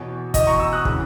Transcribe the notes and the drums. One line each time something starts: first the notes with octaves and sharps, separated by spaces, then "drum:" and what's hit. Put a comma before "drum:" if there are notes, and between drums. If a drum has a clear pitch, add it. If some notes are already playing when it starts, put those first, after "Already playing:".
Already playing: E2 B2 C#5
E2 D#5, drum: kick, hi-hat
B2
A#5 C#6
C#6 E6
D#6 F#6
C#3 E3, drum: kick